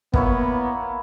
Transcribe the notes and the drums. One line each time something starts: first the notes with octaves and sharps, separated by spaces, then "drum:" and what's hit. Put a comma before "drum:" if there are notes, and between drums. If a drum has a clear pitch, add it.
A#3 B3 E4 C#5, drum: kick